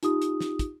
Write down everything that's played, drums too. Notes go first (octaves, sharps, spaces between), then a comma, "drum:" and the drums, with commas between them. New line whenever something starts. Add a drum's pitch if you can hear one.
D#4 F4 G4 D#6, drum: hi-hat
drum: hi-hat
drum: snare
drum: kick, hi-hat